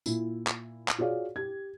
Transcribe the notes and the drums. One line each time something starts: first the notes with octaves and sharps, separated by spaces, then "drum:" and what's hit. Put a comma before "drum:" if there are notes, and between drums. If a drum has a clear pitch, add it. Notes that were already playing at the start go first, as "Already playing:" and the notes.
A#2 E4, drum: tambourine
drum: clap
drum: clap
F4 F#4 G#4 C#5 D5 F5
G4 G#6